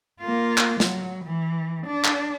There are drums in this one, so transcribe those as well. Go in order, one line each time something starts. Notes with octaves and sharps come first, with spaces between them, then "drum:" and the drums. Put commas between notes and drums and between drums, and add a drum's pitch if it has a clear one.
A#3 F4
drum: clap
F#3, drum: snare
E3
D4
drum: clap